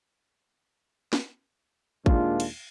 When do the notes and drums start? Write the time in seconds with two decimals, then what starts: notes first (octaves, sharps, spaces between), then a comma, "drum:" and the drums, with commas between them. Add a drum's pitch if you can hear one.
1.13 drum: snare
2.06 D#2 A#2 G#3 D4 F4, drum: kick
2.40 drum: cymbal